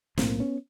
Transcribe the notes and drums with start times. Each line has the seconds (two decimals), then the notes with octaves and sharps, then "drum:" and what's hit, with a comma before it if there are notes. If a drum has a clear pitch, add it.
0.17 B1 A2 A#3 C4, drum: snare
0.39 B3 C#4